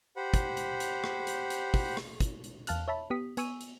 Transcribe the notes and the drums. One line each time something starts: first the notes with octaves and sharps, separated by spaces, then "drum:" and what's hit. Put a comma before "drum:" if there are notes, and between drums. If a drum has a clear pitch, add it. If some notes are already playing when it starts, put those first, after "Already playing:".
G4 C5 F#5 B5
drum: kick, hi-hat
drum: hi-hat
drum: hi-hat
drum: rim click
drum: hi-hat
drum: hi-hat
drum: kick, open hi-hat
drum: rim click
drum: kick, hi-hat
drum: hi-hat
E2 F5 A5 F6 F#6, drum: hi-hat
C#5 E5 A5 B5
B3 G4 D#6 B6
B3 G#5 C#6 E6 D#7, drum: hi-hat
drum: hi-hat